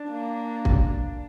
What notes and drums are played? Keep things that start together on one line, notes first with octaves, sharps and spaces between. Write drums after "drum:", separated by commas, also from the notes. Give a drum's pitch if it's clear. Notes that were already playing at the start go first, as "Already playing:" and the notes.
Already playing: D4
A#3
drum: kick